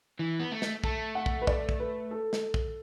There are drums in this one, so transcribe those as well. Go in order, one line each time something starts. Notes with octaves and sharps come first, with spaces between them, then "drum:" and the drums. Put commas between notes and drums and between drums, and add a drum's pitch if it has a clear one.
E3
B3
A3
drum: snare
A3 A5, drum: kick
F#5
drum: kick
B4
D5, drum: kick
drum: kick
B4
A4
drum: snare
drum: kick